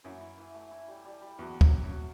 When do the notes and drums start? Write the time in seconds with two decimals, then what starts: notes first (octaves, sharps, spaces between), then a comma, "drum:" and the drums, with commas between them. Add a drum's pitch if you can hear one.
0.04 F#2 E3
0.21 E4
0.38 E3
0.54 A3
0.71 E4
0.88 G3
1.05 G3
1.22 G3
1.38 E2 F#4
1.55 F#4
1.61 F#2, drum: kick
1.72 F#4
1.84 F#2
1.89 F#4